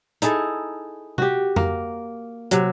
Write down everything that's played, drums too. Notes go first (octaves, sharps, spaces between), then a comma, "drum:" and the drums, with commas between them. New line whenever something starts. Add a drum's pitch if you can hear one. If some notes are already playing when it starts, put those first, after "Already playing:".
D#4 E4 G#4 A4, drum: hi-hat
F#4 G4, drum: tom C3
A#3, drum: tom F2
C3 F#3, drum: hi-hat